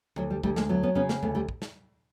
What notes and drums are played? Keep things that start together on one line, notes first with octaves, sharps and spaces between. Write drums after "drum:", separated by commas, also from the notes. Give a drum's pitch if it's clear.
D2 F#3, drum: tom D3
G3
D2 G3 A3, drum: kick
G#3 A#3, drum: snare
F#3 A3 B3
B3 C#4
C#3 B3 C#4
A#3 C4, drum: snare
D2 A3 B3, drum: tom E2
G3 A3
drum: kick
drum: snare